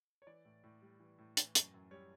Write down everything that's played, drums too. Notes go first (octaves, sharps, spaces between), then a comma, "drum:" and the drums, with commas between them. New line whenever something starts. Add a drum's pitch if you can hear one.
C#5
E3 D5
A2
A2
G3
E3
A2
E3, drum: hi-hat
F#2, drum: hi-hat
F#2
G3 C#5